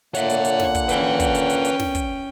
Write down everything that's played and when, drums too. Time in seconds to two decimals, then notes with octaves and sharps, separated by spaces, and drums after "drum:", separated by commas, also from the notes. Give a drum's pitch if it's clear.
0.15 A#2 D3 A#3 C#5 E5 F#5, drum: hi-hat
0.30 drum: hi-hat
0.45 drum: hi-hat
0.60 drum: snare
0.75 drum: kick, hi-hat
0.89 C#4 B4 G5 G#5, drum: hi-hat
1.20 drum: kick, hi-hat
1.35 drum: hi-hat
1.50 drum: hi-hat
1.65 drum: hi-hat
1.80 drum: snare
1.95 drum: kick, hi-hat